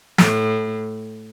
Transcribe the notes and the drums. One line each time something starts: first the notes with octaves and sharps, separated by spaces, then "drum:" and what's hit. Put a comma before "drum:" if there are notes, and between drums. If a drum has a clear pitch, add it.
A2, drum: snare